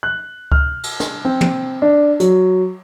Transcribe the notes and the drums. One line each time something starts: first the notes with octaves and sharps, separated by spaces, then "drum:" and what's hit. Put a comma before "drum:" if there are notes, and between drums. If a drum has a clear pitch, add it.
F#6
F6, drum: kick
drum: cymbal
drum: snare
C4
drum: tom
D4
F#3, drum: hi-hat